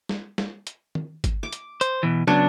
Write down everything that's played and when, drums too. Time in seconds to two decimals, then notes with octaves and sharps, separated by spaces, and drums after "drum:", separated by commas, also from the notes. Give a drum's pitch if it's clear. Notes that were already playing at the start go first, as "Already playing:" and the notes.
0.09 drum: snare
0.38 drum: snare
0.67 drum: hi-hat
0.95 drum: tom
1.24 drum: kick, hi-hat
1.43 D6
1.53 drum: hi-hat
1.81 C5, drum: hi-hat
2.03 B2 E3
2.27 C#3 F#3 B3 D4